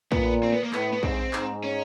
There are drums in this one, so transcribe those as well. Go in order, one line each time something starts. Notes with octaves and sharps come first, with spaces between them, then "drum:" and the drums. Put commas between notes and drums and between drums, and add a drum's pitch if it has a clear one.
A#2 B3, drum: kick
C4
B3
A#3
A2 B3, drum: clap
B3
G#2 C4, drum: kick
G#2, drum: clap
C#4